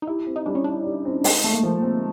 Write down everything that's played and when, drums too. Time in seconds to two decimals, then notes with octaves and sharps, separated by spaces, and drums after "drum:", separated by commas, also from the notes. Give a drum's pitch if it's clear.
0.02 D#4
0.07 E4 G4
0.27 C4
0.36 D#4
0.46 G3 D4
0.55 C#4
0.64 D4 E4
0.85 G4
1.05 C4
1.24 G#3 D#4, drum: open hi-hat
1.44 A3
1.54 A#3
1.63 F3
1.82 C4